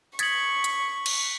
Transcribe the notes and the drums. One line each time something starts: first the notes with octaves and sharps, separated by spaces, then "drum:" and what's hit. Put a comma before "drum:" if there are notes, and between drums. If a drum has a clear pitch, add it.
C#6 D#6 G#6 A6 B6 C#7 F#7, drum: hi-hat
drum: hi-hat
drum: cymbal